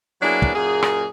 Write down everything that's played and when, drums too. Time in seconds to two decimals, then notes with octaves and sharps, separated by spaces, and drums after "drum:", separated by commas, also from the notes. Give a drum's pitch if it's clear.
0.22 F#3 A#3 B3 D4 E4 G#4
0.42 drum: kick
0.54 F#2 A#2 A#3 G#4
0.82 drum: rim click